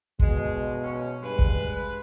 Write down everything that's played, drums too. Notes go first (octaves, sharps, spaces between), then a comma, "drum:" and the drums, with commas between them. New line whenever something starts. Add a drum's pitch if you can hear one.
B2 G#3, drum: kick
C#4
G2 G#3 B4
drum: kick